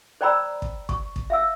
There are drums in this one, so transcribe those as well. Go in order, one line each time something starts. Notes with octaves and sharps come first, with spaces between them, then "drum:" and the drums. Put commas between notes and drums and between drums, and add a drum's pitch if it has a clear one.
C5 D5 G5 A#5 B5 E6
drum: kick
C#6, drum: kick
drum: kick
E5 F5 E6